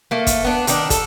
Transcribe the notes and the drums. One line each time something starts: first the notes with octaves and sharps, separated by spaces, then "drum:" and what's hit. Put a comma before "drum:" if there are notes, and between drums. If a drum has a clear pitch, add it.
A3 A#3
drum: kick, hi-hat
B3 D4
D#3 D4, drum: hi-hat
A4, drum: kick, hi-hat